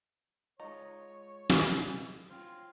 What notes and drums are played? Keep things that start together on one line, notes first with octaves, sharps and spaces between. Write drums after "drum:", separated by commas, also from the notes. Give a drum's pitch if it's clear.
G#3 D#4 F4 C#5
drum: snare
B1 A#4
F4 C5 C#5 G5